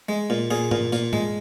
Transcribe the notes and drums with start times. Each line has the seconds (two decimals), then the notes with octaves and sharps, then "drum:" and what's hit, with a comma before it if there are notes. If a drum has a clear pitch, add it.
0.09 G#3
0.30 A#2
0.51 A#2 G#4
0.71 A#2, drum: tom G#2
0.93 A#2, drum: tambourine
1.13 G#3, drum: tom G#2